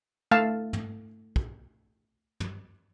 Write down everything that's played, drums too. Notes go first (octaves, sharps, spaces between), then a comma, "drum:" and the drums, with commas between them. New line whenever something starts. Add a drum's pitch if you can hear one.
A3 F5 A5
drum: tom
drum: kick
drum: tom